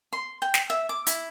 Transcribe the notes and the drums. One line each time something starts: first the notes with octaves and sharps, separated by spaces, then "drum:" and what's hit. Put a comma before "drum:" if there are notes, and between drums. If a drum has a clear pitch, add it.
C6
G5
drum: snare
E5
D6
E4, drum: hi-hat